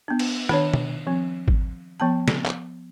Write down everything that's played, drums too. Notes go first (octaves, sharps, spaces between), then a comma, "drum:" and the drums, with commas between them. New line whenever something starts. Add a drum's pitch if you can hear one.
B3 D4
drum: cymbal
D#3 D4 C#5, drum: rim click
drum: tom B2
F3 C4
drum: kick G#1
F3 B3 G5 A5
drum: snare
drum: clap